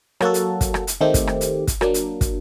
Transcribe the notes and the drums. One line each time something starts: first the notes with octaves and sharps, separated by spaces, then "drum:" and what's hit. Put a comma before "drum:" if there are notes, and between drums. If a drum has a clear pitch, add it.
F#3 A#3 F#4 A4, drum: rim click
drum: hi-hat
drum: kick, hi-hat
drum: rim click
drum: hi-hat
D#3 A3 C4 G4
drum: kick, hi-hat
drum: rim click
drum: hi-hat
drum: kick, hi-hat
F#3 A#3 D4, drum: rim click
drum: hi-hat
drum: kick, hi-hat